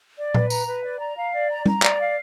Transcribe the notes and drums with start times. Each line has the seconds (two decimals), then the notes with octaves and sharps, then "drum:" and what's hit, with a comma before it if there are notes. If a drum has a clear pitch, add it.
0.17 D5
0.34 B4, drum: tom A#2
0.50 A#5, drum: tambourine
0.67 B4
0.84 D5
1.00 A#5
1.16 F5
1.33 D5
1.49 A#5
1.66 A#5, drum: tom G3
1.82 D5, drum: clap
1.99 F5